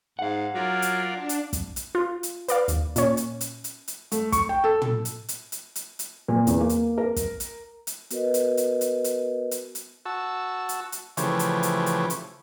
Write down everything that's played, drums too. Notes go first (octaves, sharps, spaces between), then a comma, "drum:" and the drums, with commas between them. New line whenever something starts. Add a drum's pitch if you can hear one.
G#2 F5 F#5
F#3 F4 A#4 D5
drum: hi-hat
D4
drum: hi-hat
drum: kick, hi-hat
drum: hi-hat
F4
drum: hi-hat
B4 D5 F5, drum: hi-hat
D#2, drum: hi-hat
A#2 C#4, drum: hi-hat
drum: hi-hat
drum: hi-hat
drum: hi-hat
drum: hi-hat
A3, drum: hi-hat
C#6, drum: kick, hi-hat
G5
A4
drum: tom
drum: hi-hat
drum: hi-hat
drum: hi-hat
drum: hi-hat
drum: hi-hat
A#2
E2, drum: hi-hat
A#3
drum: hi-hat
A#4
drum: kick, hi-hat
drum: hi-hat
drum: hi-hat
B3 F#4 A#4 B4 D#5, drum: hi-hat
drum: hi-hat
drum: hi-hat
drum: hi-hat
drum: hi-hat
drum: hi-hat
drum: hi-hat
F#4 A5 E6
drum: hi-hat
drum: hi-hat
C#3 E3 F3 A3 G4 C#5, drum: hi-hat
drum: hi-hat
drum: hi-hat
drum: hi-hat
drum: hi-hat